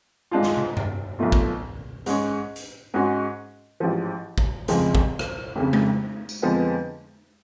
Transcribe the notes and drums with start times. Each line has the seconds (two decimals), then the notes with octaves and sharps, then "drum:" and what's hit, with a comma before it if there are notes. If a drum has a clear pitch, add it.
0.31 G#2 G#3 D4 F4
0.43 drum: snare
0.57 drum: tom
0.77 drum: tom G2
1.19 B1 B2 A3 F4
1.32 drum: kick
2.06 G#2 G#3 C#4, drum: hi-hat
2.56 drum: hi-hat
2.94 G#2 G#3 C#4 F#4
3.80 A1 G#2 F3
4.38 drum: kick
4.68 F1 F2 C#3 F3 G#3, drum: hi-hat
4.95 drum: kick
5.19 drum: rim click
5.56 F1 F2 C#3
5.73 drum: tom G#3
6.29 drum: tambourine
6.42 F2 D3 F3 G#3 B3